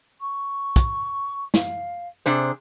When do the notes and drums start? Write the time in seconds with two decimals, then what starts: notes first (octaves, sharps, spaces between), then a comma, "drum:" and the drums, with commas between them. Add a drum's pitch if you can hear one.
0.20 C#6
0.76 drum: kick, hi-hat
1.54 F5, drum: snare
2.26 C3 D4 G#4 C5